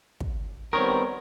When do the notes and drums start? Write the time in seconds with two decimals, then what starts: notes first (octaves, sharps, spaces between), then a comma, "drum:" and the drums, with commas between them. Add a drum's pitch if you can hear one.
0.20 drum: kick
0.73 D#3 G3 B3 C4 A#4 C#5